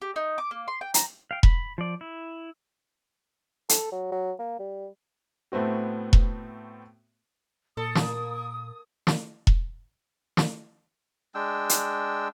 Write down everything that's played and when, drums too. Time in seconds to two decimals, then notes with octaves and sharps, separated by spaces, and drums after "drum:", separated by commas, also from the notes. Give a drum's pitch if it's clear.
0.02 G4
0.16 D#4
0.38 D6
0.51 A#3
0.68 C6
0.81 G5
0.94 A#5, drum: hi-hat
1.31 F5 G5
1.43 B5, drum: kick E1
1.78 F3 D5
2.01 E4
3.69 A4, drum: hi-hat
3.92 F#3
4.12 F#3
4.39 A#3
4.60 G3
5.52 A2 A3 B3 C4 F#4
6.13 drum: kick E1
7.77 A#2 A4 D#6
7.95 A#3, drum: snare
9.07 drum: snare
9.47 drum: kick E1
10.37 drum: snare
11.35 G#3 D4 G5 E6
11.69 drum: hi-hat